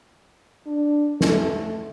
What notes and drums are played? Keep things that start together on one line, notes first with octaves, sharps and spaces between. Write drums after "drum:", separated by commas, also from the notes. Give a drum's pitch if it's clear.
D4
A3, drum: snare